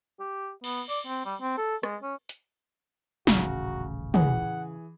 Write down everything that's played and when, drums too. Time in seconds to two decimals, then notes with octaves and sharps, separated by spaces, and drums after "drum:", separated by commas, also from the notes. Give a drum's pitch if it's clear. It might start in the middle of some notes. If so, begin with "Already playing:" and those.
0.20 G4
0.64 B3, drum: cymbal
0.89 D5, drum: cymbal
1.06 C4
1.25 G3
1.41 C4
1.58 A4
1.83 G#3, drum: rim click
2.02 C#4
2.29 drum: hi-hat
3.27 D#1 A1 C#3 F#4 A#5, drum: snare
4.14 E3 G#4 F#5, drum: tom